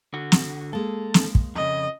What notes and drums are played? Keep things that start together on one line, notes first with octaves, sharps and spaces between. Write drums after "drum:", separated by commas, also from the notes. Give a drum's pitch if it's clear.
D3 F#4
drum: snare
G#3 A#3 A4
drum: snare
drum: kick
F2 C#3 D#5